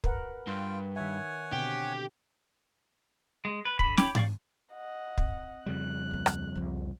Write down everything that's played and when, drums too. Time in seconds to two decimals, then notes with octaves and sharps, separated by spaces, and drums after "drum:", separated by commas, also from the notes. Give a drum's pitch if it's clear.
0.04 A#4 B4 F#5, drum: kick
0.47 G2 F4 G5
0.96 D#3 C#5 E5 F#5 G#5
1.53 B2 D3 C4 G4
3.45 G#3
3.65 B4
3.79 D3 B5, drum: kick
3.97 G4 C#5 G5 B5 D6, drum: snare
4.15 G4 D5 F5 C#6, drum: tom G#2
4.74 D#5 F#5
5.18 C4, drum: kick
5.66 F2 C#3 G3 F#6
6.11 D2 A#3
6.26 drum: rim click
6.55 C2 F3